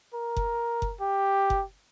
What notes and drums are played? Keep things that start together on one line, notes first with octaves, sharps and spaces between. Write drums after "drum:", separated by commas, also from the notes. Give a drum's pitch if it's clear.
A#4
drum: kick F#1
drum: kick F#1
G4
drum: kick F#1